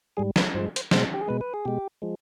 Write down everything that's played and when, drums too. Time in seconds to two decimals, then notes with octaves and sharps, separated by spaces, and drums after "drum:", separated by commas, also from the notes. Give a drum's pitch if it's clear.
0.17 G#2 G3 G#4
0.36 B4, drum: snare
0.54 G2 F3 G#3 C5
0.76 C5, drum: hi-hat
0.91 B2 G#3 C5, drum: snare
1.14 G4
1.21 G#4
1.28 B2 G#3 B4
1.41 B4
1.54 G#4
1.65 B2 G#3 G4
2.02 F3 G#3